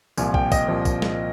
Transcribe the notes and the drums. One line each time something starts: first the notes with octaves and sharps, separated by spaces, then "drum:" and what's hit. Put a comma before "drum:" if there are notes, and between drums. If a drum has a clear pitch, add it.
C2 A#2 F3 G#5, drum: tambourine
G5, drum: kick
D#5, drum: kick, tambourine
C2 A#2 F3
drum: kick, tambourine
drum: snare